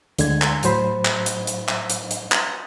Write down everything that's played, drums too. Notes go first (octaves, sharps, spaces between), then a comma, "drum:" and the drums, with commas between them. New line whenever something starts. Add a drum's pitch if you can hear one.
D2 D3 G#3 G#6, drum: hi-hat
drum: clap
A2 F#3 C5 B5, drum: hi-hat
drum: clap
drum: hi-hat
drum: hi-hat
drum: clap
drum: hi-hat
drum: hi-hat
drum: clap